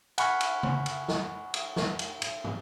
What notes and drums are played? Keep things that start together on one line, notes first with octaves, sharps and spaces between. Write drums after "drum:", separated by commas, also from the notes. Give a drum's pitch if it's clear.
F#5 G#5 B5 C#6 F6, drum: cymbal
drum: cymbal
drum: tom C#3
drum: cymbal
drum: snare
drum: cymbal
drum: snare
drum: cymbal
drum: cymbal
drum: tom